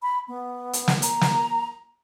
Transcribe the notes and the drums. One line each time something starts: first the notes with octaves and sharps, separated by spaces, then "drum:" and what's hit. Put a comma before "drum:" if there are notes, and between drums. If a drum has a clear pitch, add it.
B5
B3
drum: hi-hat
drum: snare
A#5, drum: hi-hat
drum: snare